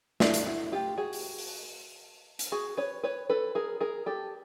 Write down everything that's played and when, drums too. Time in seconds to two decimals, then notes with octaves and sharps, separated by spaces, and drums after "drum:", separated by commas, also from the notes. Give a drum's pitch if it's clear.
0.20 D4 E4, drum: snare
0.34 drum: hi-hat
0.46 E4 F#4
0.72 F4 G4
0.98 F#4 G#4
1.13 drum: open hi-hat
1.38 drum: open hi-hat
2.39 drum: hi-hat
2.52 F#4 G#4
2.77 B4 C#5
3.03 B4 C#5
3.29 A4 B4
3.55 G#4 A#4
3.81 G#4 A#4
4.06 G4 A4